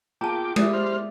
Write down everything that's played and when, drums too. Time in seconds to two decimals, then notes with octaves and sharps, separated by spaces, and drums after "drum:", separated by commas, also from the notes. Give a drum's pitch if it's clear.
0.21 A#3 B3 F4 G#4 G5 A5 A#5 D6
0.56 E4 G4 D5 E5 D#6, drum: tom G#3
0.73 C5 F6